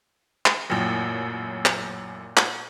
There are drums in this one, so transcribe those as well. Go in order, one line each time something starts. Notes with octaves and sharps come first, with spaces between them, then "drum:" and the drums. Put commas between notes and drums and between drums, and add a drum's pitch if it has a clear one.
drum: clap
A1 F#2 A#2 G5 A#6
drum: clap
drum: clap